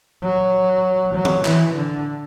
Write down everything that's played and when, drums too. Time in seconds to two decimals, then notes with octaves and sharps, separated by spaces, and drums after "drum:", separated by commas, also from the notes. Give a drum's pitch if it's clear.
0.23 F#3
1.14 F#3
1.25 drum: tom D#3
1.45 E3, drum: clap
1.76 D3